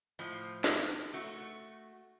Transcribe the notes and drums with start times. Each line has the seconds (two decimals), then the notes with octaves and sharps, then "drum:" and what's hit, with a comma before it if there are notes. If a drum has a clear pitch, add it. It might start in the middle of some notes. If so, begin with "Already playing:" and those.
0.19 A2 F3
0.64 drum: snare
1.13 A3 F#4